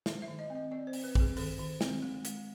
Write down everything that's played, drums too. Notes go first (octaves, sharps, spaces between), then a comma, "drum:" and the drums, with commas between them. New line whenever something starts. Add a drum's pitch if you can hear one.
D#3 E5, drum: snare
E5
D#3
D#5
C4
D#5
C4 D5
C5
C4, drum: open hi-hat
B4
C4 G#4, drum: kick A#1
D#3 A4, drum: open hi-hat
D#3
C4, drum: snare
G#3
G#3, drum: hi-hat